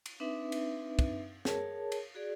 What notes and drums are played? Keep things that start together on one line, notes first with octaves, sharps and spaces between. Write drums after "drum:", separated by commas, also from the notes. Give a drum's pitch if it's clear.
drum: cymbal
C4 D4 D#4 B4 E5
drum: cymbal
drum: kick, cymbal
G#4 A#4 C#5 A5, drum: snare
drum: cymbal
F#4 G#4 D5